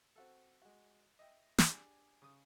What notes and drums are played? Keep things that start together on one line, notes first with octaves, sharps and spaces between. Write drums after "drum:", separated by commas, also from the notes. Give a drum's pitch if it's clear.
C4 F#4 A4
G#3 F#4
D#5 E5 G5
drum: snare
D4 G4 G#4
C#3 D#6